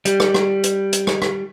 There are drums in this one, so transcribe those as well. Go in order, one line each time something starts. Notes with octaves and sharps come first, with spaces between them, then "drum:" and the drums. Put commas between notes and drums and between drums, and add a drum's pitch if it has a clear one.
G3, drum: hi-hat
drum: rim click
drum: rim click
drum: hi-hat
drum: hi-hat
drum: rim click
drum: rim click